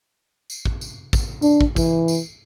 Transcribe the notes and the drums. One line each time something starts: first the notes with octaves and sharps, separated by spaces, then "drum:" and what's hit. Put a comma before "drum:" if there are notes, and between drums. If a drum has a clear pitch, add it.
drum: tambourine
drum: kick
drum: tambourine
drum: kick, tambourine
D4, drum: tambourine
drum: kick
E3, drum: kick, tambourine
drum: tambourine